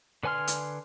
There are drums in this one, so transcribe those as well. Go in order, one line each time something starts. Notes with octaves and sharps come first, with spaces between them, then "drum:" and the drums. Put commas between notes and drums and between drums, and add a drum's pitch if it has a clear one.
D3 B4 G#5 C6 F6
drum: hi-hat